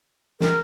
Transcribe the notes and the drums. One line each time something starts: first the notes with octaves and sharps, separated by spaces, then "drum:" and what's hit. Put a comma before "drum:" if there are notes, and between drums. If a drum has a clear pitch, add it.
A#4, drum: snare